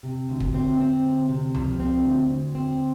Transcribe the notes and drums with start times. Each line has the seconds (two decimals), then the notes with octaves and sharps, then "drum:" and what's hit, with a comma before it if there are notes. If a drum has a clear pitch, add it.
0.03 C3
0.29 D2
0.40 drum: kick
0.54 C4
0.80 C4
1.04 D2
1.29 C3
1.55 F3, drum: tom C#2
1.80 C4
2.05 D2
2.30 D2
2.55 C4